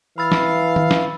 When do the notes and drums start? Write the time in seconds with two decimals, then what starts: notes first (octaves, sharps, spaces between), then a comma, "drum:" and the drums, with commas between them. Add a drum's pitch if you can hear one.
0.18 E3 F5 B5 E6 A6
0.32 drum: snare
0.76 drum: tom
0.91 drum: snare